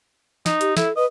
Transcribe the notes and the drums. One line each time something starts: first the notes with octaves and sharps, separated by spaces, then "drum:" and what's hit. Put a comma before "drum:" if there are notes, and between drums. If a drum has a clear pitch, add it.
D#4, drum: snare
G4, drum: hi-hat
E4 A4, drum: snare
B4 D#5